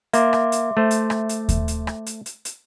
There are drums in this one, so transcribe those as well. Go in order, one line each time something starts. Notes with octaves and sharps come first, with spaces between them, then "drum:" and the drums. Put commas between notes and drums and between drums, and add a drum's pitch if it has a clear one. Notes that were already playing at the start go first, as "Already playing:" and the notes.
A#3 E5 C6 D6, drum: hi-hat
drum: rim click
drum: hi-hat
A3 C5
drum: hi-hat
drum: rim click
drum: hi-hat
drum: kick D#2, hi-hat
drum: hi-hat
drum: rim click
drum: hi-hat
drum: hi-hat
drum: hi-hat